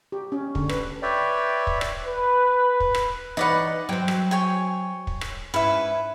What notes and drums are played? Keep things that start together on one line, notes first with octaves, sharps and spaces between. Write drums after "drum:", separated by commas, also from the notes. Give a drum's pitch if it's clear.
G4
C#4
D3, drum: kick
B4, drum: rim click
B4 C#5 D5 E5 G5
drum: kick
drum: rim click
B4
drum: kick
drum: rim click
E3 D#4 B4 C#5 D5 F#5
F#3 C4 G5
drum: rim click
C#5 G5 G#5
drum: kick
drum: rim click
G#2 C#4 E4 B4 E5